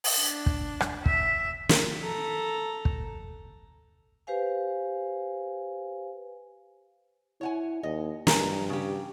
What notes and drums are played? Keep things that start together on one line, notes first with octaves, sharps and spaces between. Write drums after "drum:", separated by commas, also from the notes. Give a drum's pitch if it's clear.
drum: open hi-hat
D4
drum: kick
drum: rim click
E5, drum: kick
drum: snare
A4 A#5
drum: kick
G4 B4 C5 F5 G#5
E4 C#5 F#5 G#5
D#2 D#5
G2 G#5 A#5, drum: snare
C#3 G4